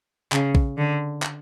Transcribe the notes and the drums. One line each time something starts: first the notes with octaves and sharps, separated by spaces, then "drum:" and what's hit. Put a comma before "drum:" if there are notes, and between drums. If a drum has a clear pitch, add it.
C#3, drum: clap
drum: kick A#1
D3
drum: clap